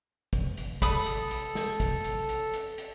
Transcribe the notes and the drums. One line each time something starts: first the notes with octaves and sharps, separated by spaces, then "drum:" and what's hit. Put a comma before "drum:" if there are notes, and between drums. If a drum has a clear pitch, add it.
drum: kick, hi-hat
drum: hi-hat
A4 B5 D#6, drum: kick, hi-hat
drum: hi-hat
drum: hi-hat
drum: snare
drum: kick, hi-hat
drum: hi-hat
drum: hi-hat
drum: hi-hat
drum: hi-hat